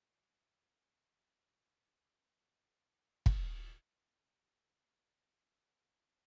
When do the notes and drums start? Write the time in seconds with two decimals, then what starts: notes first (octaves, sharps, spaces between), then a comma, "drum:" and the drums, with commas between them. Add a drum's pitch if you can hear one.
0.16 E5
0.41 C#4
0.60 A3
0.84 G#4
0.95 G4
1.14 A#4
1.37 D5
1.75 F#5
1.94 G#3
2.08 G3
2.25 D3
2.86 E5
3.26 drum: kick
4.66 A4 G6 C7
5.20 B4 F5 A#5 C#7